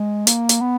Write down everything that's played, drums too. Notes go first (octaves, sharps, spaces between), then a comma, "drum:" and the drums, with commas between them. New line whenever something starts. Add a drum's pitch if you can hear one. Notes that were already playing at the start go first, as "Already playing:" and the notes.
Already playing: G#3
A#3, drum: hi-hat
drum: hi-hat
B3